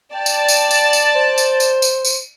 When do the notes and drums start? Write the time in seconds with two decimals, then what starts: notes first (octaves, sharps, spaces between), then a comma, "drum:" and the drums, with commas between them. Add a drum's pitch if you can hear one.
0.13 D5 G5 A5
0.26 drum: tambourine
0.48 drum: tambourine
0.71 drum: tambourine
0.93 drum: tambourine
1.15 C5
1.38 drum: tambourine
1.60 drum: tambourine
1.82 drum: tambourine
2.05 drum: tambourine